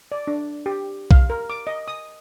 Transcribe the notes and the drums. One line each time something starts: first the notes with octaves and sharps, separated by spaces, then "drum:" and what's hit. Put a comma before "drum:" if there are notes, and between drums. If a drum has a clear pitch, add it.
D5
D4
G4
F5, drum: kick B1
A#4
D6
D#5
D#6